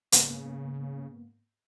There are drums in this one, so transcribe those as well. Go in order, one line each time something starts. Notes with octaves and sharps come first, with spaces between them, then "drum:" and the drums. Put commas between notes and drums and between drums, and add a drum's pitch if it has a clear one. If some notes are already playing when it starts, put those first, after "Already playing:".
G#2 C#3 A#3 B3, drum: hi-hat